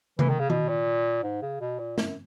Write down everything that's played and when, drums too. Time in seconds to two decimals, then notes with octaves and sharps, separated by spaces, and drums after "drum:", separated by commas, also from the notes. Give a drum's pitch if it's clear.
0.19 E3, drum: tom C3
0.30 D#3
0.40 C#3
0.50 B2, drum: tom D#3
0.69 A#2
1.23 G#2
1.42 C#3
1.61 B2
1.79 A#2
1.98 F#2, drum: snare